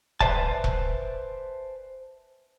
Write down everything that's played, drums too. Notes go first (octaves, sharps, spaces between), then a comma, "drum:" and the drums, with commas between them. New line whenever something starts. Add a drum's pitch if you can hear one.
B4 C5 D5 E5 G#5 A5, drum: kick E1
drum: kick E1